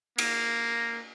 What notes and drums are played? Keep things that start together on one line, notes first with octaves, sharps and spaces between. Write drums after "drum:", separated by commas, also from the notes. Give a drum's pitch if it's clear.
A#3, drum: cymbal